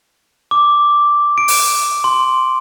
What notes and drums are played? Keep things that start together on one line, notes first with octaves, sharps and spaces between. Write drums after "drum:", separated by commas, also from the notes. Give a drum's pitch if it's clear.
D6
D7
drum: open hi-hat
C6